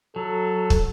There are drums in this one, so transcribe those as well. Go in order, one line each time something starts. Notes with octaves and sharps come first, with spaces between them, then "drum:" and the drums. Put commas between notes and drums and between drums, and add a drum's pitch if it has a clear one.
F#3 A4
drum: kick